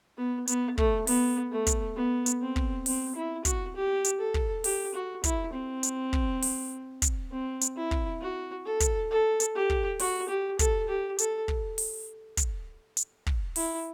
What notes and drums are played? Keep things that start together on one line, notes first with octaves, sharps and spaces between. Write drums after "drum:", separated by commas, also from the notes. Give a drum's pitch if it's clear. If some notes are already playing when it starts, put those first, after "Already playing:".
B3
B3, drum: hi-hat
A3, drum: kick
B3, drum: open hi-hat
A3
drum: kick, hi-hat
B3
drum: hi-hat
C4
drum: kick
C4, drum: open hi-hat
E4
F#4, drum: kick, hi-hat
G4
drum: hi-hat
A4
drum: kick
G4, drum: open hi-hat
F#4
E4, drum: kick, hi-hat
C4
drum: hi-hat
drum: kick
drum: open hi-hat
drum: kick, hi-hat
C4
drum: hi-hat
E4
drum: kick
F#4
A4
drum: kick, hi-hat
A4
drum: hi-hat
G4
drum: kick
F#4, drum: open hi-hat
G4
A4, drum: kick, hi-hat
G4
A4, drum: hi-hat
drum: kick
drum: open hi-hat
drum: kick, hi-hat
drum: hi-hat
drum: kick
E4, drum: open hi-hat